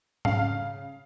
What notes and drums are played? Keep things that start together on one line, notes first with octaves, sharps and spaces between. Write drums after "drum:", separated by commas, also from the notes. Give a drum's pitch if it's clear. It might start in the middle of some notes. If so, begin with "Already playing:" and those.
C#3 F5, drum: tom G#2